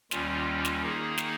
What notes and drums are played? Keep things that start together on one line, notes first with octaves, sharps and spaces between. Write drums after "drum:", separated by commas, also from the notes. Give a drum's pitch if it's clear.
D#2 D#3 G3 C#4 F4, drum: snare
drum: snare
D#3 A#3 D#4 G#4
drum: snare